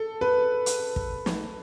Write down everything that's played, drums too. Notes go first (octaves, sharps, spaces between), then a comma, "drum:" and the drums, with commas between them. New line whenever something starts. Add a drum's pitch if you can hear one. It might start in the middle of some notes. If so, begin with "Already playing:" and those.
Already playing: A4
B4
drum: hi-hat
drum: kick
drum: snare